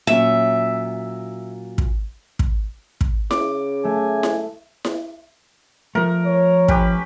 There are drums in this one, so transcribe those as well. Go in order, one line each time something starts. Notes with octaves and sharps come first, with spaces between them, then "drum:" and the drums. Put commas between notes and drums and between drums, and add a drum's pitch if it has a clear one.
A#2 F#3 C#4 E5
drum: kick
drum: kick
drum: kick
C#3 D6, drum: snare E4
A3 G#5
drum: snare E4
drum: snare E4
F3 A3 A#4
C#5
C#4 G4 B4, drum: kick